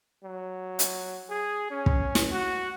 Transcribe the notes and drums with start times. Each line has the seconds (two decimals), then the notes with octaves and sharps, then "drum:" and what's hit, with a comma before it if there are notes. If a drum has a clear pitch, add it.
0.24 F#3
0.79 drum: hi-hat
1.30 G#4
1.71 C#4
1.86 drum: kick
2.15 drum: snare
2.32 F#4